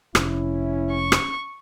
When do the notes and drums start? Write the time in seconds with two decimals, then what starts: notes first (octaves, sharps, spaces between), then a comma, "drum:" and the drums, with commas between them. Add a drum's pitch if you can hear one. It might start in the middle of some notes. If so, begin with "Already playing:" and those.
0.15 F1 C#4 E4, drum: rim click
0.91 C#6
1.12 drum: rim click